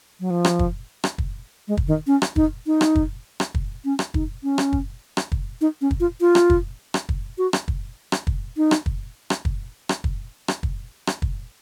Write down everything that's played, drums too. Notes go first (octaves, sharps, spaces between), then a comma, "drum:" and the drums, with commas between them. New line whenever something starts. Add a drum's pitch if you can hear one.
F#3
F3
drum: rim click
drum: kick
drum: rim click
drum: kick
G#3
drum: kick
D#3
C#4
drum: rim click
D#4, drum: kick
D#4
drum: rim click
drum: kick
drum: rim click
drum: kick
C#4
drum: rim click
D#4, drum: kick
C#4
drum: rim click
drum: kick
drum: rim click
drum: kick
D#4
C#4
drum: kick
F4
F4
drum: rim click
drum: kick
drum: rim click
drum: kick
F#4
drum: rim click
drum: kick
drum: rim click
drum: kick
D#4
drum: rim click
drum: kick
drum: rim click
drum: kick
drum: rim click
drum: kick
drum: rim click
drum: kick
drum: rim click
drum: kick